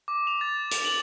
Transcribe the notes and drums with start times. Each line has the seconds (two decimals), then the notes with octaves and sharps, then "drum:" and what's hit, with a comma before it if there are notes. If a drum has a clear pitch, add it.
0.08 D6
0.27 F7
0.41 A6
0.71 F7, drum: hi-hat
0.85 F#7